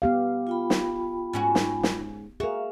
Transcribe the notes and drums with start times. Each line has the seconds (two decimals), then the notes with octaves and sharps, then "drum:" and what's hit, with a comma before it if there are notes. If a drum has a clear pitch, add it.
0.02 B3 G4 F5
0.47 F4 G5 B5
0.70 drum: snare
1.33 G#2 C#4 F#4
1.55 drum: snare
1.83 drum: snare
2.40 F#4 G#4 A#4 E5 F5